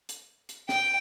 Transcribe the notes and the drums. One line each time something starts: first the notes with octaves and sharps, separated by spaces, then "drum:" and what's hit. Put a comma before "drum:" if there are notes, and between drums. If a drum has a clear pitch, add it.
drum: hi-hat
drum: hi-hat
G5, drum: snare